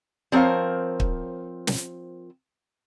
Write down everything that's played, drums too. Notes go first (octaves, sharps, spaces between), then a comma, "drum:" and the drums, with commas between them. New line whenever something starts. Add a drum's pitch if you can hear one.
F3 C4 A#4 C#5 F5
drum: kick
drum: snare